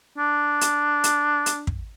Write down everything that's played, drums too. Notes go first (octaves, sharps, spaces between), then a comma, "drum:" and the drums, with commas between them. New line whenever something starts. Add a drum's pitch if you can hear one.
D4
drum: hi-hat
drum: hi-hat
drum: hi-hat
drum: kick